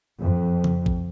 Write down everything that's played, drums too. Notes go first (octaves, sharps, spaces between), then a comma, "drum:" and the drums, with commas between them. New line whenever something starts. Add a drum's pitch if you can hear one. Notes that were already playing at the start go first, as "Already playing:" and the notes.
F2
drum: tom C#3
drum: kick